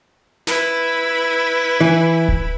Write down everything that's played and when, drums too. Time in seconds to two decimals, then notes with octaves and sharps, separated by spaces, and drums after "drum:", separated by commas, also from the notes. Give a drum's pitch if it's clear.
0.47 E4 B4 B5, drum: snare
1.81 E3
2.28 drum: kick D1